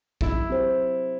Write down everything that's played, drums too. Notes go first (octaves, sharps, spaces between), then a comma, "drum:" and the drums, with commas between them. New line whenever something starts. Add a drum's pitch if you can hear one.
F#3 E4, drum: kick A#1
C4 G4 C5